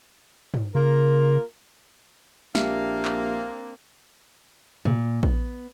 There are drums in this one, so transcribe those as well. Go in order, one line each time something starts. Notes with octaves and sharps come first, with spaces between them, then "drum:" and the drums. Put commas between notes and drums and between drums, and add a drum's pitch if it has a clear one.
drum: tom
C#3 A#3 F4 A#4
A#1 A#3 C4 D4 G4 E5 F5, drum: snare
drum: clap
A#2, drum: tom
B3, drum: kick A#1